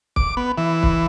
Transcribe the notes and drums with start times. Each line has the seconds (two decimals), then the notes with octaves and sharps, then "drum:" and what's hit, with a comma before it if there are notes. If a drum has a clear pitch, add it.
0.16 D6, drum: kick
0.37 B3
0.58 E3
0.83 drum: kick